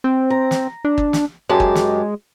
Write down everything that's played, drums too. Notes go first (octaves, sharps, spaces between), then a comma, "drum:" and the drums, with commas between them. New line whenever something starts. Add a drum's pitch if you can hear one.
C4
A#5
drum: snare
D4
drum: kick
drum: snare
F#2 G#3 G4 A5
drum: kick
drum: snare